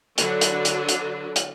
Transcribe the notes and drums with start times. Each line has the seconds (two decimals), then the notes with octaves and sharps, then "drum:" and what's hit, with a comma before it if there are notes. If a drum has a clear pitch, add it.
0.18 D3 F#3 D4 B4, drum: hi-hat
0.41 drum: hi-hat
0.65 drum: hi-hat
0.89 drum: hi-hat
1.36 drum: hi-hat